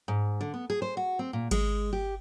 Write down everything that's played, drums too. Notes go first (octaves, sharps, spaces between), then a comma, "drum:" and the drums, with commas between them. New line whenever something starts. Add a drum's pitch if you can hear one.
G#2
D3
B3
G#4
C5
F#4
C4
A#2
G#3, drum: kick G#1, cymbal
G4